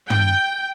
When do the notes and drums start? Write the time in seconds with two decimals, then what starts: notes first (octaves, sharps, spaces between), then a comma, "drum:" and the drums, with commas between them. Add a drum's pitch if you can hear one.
0.10 G5, drum: tom